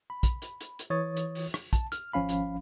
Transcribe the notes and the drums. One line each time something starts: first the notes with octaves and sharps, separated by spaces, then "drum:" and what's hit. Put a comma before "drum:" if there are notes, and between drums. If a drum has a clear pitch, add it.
B5
drum: kick, hi-hat
drum: hi-hat
drum: hi-hat
drum: hi-hat
E3 C#5 D#6 A6
drum: hi-hat
drum: open hi-hat
drum: rim click
A5, drum: kick, hi-hat
F6, drum: hi-hat
G#1 F3 C#4 F5 B5
drum: hi-hat